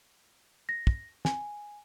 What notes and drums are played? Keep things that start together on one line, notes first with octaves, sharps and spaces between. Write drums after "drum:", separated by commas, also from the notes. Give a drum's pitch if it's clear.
A#6
drum: kick
G#5, drum: snare